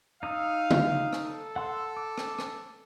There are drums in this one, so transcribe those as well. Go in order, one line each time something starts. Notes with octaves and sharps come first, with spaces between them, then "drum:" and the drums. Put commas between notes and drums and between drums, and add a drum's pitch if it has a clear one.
D#4 F5 D#6 E6
drum: tom C#3
drum: rim click
A4
F#5 C6 E6
D6
drum: rim click
drum: rim click